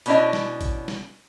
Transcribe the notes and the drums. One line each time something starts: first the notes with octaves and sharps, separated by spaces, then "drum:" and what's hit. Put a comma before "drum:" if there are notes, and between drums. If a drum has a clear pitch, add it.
B2 B3 C#4 D4 E4 D#5, drum: hi-hat
drum: snare
drum: kick, hi-hat
drum: snare